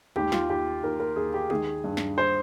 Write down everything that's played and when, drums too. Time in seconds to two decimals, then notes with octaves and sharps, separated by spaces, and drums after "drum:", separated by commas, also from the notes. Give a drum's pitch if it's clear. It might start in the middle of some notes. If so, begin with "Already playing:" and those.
0.16 D#2 G4, drum: tom G#3
0.32 F4, drum: snare
0.49 D#2 G4
0.83 D#2 A#4
1.00 A#4
1.16 D#2 G#4
1.34 G4
1.50 D#3 G#4, drum: tom G#3
1.84 G2
1.97 drum: snare
2.18 C5